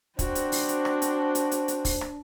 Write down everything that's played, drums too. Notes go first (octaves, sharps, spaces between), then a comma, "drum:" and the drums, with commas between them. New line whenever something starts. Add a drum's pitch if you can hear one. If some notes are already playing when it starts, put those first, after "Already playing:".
C4 D4 F#4 C5, drum: kick, hi-hat
drum: hi-hat
drum: open hi-hat
drum: hi-hat
drum: rim click
drum: hi-hat
drum: hi-hat
drum: hi-hat
drum: hi-hat
drum: kick, open hi-hat
drum: rim click